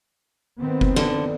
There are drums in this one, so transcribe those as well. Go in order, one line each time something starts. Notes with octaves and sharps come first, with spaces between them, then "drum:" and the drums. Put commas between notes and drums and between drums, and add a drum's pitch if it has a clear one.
D#3 B3 C4
drum: kick F1
D3, drum: snare